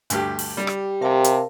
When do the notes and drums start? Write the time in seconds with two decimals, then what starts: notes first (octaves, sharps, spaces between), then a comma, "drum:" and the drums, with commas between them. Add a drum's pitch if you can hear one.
0.10 D2 G2 G4, drum: hi-hat
0.39 drum: open hi-hat
0.57 G3 G4
0.67 drum: rim click
1.02 C3 A#4 F5 A5
1.24 drum: hi-hat